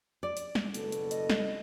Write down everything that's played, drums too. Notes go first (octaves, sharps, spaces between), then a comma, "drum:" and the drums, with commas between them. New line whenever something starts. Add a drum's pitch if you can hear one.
D5
drum: hi-hat
drum: snare
F#1 B2 A4, drum: hi-hat
drum: hi-hat
D#5, drum: hi-hat
drum: snare